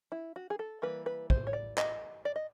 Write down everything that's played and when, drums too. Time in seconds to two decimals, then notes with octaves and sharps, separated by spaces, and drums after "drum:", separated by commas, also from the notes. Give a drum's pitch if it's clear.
0.12 E4
0.36 F#4
0.50 G#4
0.59 A4
0.82 E3 G3 A#3 B4
1.06 B4
1.30 C5, drum: kick
1.47 C#5
1.53 D5
1.78 D#5, drum: clap
2.25 D5
2.36 D#5